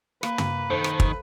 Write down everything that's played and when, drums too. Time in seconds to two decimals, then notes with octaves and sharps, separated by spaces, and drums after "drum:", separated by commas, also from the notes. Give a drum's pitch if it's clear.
0.23 A#3 B4, drum: rim click
0.38 drum: tom
0.70 D#3 A4 C5
0.84 drum: rim click
1.00 drum: kick